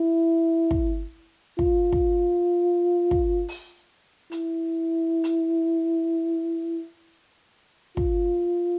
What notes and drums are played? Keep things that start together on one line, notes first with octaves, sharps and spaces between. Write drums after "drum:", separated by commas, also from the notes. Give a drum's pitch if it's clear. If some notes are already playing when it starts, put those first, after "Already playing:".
Already playing: E4
drum: kick
F4, drum: kick
drum: kick
drum: kick
drum: open hi-hat
E4, drum: hi-hat
drum: hi-hat
F4, drum: kick